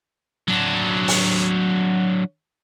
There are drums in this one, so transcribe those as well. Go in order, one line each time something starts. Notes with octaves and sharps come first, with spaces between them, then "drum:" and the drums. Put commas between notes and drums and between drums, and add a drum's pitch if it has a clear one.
F#3 D4
drum: open hi-hat